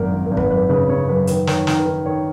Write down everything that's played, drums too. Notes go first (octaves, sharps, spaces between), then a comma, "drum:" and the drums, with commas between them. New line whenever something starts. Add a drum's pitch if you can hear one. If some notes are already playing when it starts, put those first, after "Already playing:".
Already playing: G#1 F#2 A#4
G#1
A#4
G#1
B4, drum: kick
F#2 B4
C#3 B4
C#3 C#5
F#2 B4
D#3 B4, drum: hi-hat
D#3 C#5, drum: snare
D#3 A#4, drum: snare
B4
D#3
D#3 C#5